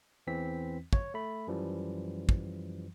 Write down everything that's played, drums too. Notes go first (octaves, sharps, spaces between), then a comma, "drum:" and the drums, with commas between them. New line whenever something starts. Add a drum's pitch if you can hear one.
E2 E3 C4 B6
C#5, drum: kick
A3 B5
F#2 E3 F3 G3
drum: kick